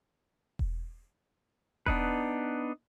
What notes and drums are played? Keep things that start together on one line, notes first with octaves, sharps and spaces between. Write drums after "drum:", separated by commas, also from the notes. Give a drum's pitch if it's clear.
drum: kick E1
B3 D4 D#4 B4, drum: kick E1